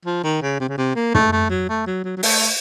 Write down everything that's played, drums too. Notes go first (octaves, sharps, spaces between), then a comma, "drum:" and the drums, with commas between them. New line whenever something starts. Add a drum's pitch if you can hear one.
F3
D#3
C#3
C3
C#3
C3
A#3
A3, drum: tom
A3
F#3
A3
F#3
F#3
F#3
A3, drum: open hi-hat